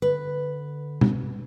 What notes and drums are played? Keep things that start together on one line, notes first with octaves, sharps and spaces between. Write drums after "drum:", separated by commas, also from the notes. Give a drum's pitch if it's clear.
D3 B4
drum: tom